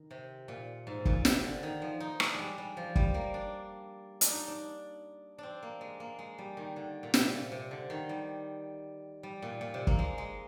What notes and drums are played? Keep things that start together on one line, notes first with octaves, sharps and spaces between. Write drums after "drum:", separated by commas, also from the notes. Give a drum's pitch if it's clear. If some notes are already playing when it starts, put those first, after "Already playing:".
Already playing: D#3
C3
A#2
G#2
A#2, drum: kick
C3, drum: snare
D3
D#3
F3
D#4
D4, drum: rim click
G3 G#3
G3
F3
G3, drum: kick
A#3
D4
D4, drum: hi-hat
D#4
D4
C4 D4
A#3
G#3
A#3
G#3
G3
D#3
D3
A#2
C3, drum: snare
A#2
C3
D3
D#3
G3
G3
A#2
A#2
C3
A#3, drum: kick
G#3
G#3